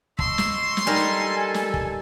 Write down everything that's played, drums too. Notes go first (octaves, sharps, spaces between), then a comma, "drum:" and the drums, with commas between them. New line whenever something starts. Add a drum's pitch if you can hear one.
D#5 C6 C#6 E6, drum: kick
drum: snare
drum: snare
G3 D#4 A4 A#4 G#5
drum: snare
drum: snare
drum: kick